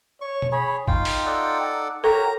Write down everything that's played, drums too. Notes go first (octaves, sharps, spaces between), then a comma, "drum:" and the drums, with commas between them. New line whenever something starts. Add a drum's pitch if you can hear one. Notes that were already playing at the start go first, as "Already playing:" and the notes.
C#5 C#6
drum: tom B2
G#4 C#5 B5
D#4 F4 F5 G5, drum: kick
drum: open hi-hat
A4 D5 F#5
F#4 G4 A4 A#4 C#5 A#5